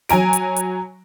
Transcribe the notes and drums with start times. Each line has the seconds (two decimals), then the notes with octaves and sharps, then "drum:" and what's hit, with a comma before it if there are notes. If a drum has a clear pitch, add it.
0.09 F#3 G#5 A#5 D7, drum: snare
0.33 drum: hi-hat
0.56 drum: hi-hat